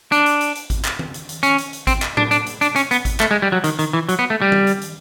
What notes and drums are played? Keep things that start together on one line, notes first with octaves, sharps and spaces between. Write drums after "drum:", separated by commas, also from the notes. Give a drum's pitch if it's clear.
D4, drum: hi-hat
drum: hi-hat
drum: hi-hat
drum: hi-hat
drum: kick G#1, hi-hat
drum: clap
drum: tom D#3
drum: hi-hat
drum: hi-hat
C#4, drum: hi-hat
drum: hi-hat
drum: hi-hat
C4, drum: kick G#1, hi-hat
drum: clap
D4, drum: tom A2
D4, drum: hi-hat
drum: hi-hat
D4, drum: hi-hat
C#4, drum: hi-hat
B3, drum: hi-hat
drum: kick G#1, hi-hat
A3, drum: clap
G#3
G3
F#3
D#3, drum: hi-hat
D#3, drum: hi-hat
E3
F#3, drum: hi-hat
B3
A3
G3
drum: tom D#3
drum: hi-hat
drum: hi-hat